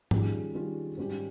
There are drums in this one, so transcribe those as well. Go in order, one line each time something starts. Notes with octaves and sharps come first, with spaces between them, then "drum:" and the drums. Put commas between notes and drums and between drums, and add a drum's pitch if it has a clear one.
D#3 G3 C#4 F4 G#4, drum: tom G#2
D#3 G3 C#4 F4 G#4
G#2 D#3 G3 C#4 G4